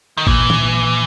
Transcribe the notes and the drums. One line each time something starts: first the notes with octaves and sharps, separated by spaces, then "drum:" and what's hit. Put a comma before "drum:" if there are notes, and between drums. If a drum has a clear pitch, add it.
D#3
A#2 E3 A#3, drum: kick G#1
drum: tom D#3